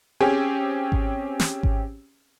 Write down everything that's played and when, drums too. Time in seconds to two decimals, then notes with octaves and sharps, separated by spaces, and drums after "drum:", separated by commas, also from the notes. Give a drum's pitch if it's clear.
0.20 C4 C#4 G4 G#4
0.92 drum: kick G#1
1.40 drum: snare
1.63 drum: kick G#1